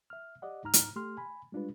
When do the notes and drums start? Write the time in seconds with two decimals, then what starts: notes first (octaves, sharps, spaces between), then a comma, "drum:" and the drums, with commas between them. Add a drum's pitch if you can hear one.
0.10 E5 F6
0.42 G4 D5 D#5 F#5
0.63 D2 G#2 D#4 A#5 F6
0.74 drum: hi-hat
0.96 A3 G4 C6 F6
1.17 G#5 B5
1.52 G3 G#3 D4 F4 G4 B4